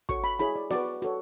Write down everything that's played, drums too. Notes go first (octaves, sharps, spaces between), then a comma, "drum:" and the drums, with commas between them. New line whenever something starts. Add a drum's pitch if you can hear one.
F#4 A4 C#5 C#6, drum: kick, hi-hat
B5
E4 G#4 C#5 B5, drum: hi-hat
D5
F#4 B4 D5, drum: snare B3
F#4 A4 C#5, drum: hi-hat